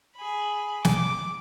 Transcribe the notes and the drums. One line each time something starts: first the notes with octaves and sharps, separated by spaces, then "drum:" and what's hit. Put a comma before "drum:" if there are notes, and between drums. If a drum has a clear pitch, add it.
G#4 B5
D6, drum: snare